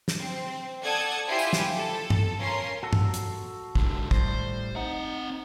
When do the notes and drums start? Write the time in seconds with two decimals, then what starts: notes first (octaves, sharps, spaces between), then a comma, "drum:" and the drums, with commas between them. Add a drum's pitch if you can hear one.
0.08 drum: snare
0.18 C4
0.83 A4 D5 F#5 D#6 G#6
1.27 E4 F4 G4 C5 G#5
1.39 drum: tambourine
1.53 drum: snare
1.75 A4
2.10 drum: tom
2.38 C#4 F4 A#4 C6
2.83 F#4 A4
2.93 drum: tom
3.14 drum: hi-hat
3.75 G#2 D3, drum: kick
4.11 A2 G3 C5, drum: kick
4.76 C4 D#4 F#5